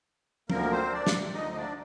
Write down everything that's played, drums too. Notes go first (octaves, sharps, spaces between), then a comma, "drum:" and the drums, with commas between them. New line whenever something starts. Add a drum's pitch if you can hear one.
D2 D3 F3 A#3 A#4, drum: tom
C4 C5
D4 D5
drum: snare
D2 D3 F3 D#4 D#5
D4 D5